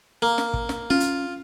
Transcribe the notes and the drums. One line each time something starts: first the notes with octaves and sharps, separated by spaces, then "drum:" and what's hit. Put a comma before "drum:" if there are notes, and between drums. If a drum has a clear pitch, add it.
A#3
drum: snare
drum: kick
drum: snare
C#4 F4
drum: hi-hat